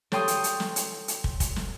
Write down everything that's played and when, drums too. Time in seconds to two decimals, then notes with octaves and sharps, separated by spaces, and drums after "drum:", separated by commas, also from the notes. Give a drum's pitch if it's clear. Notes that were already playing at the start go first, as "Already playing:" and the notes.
0.12 A4 C#5 G5 C6 D#6, drum: snare
0.28 drum: hi-hat
0.44 drum: hi-hat
0.60 drum: snare
0.76 drum: hi-hat
1.08 drum: hi-hat
1.24 drum: kick
1.40 drum: kick, hi-hat
1.56 drum: snare